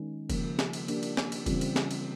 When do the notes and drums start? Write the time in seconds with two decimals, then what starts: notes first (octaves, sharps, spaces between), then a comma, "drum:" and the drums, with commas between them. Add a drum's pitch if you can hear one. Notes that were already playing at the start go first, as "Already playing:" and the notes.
Already playing: D#3 G#3 C#4
0.30 C#3 F3 A#3, drum: kick E1, cymbal
0.59 drum: snare
0.73 drum: cymbal
0.88 A#3 D4 G4, drum: cymbal
1.03 drum: cymbal
1.17 drum: snare
1.32 drum: cymbal
1.46 C#3 E3 G3 C4 F4, drum: kick E1, cymbal
1.61 drum: cymbal
1.76 drum: snare
1.91 drum: cymbal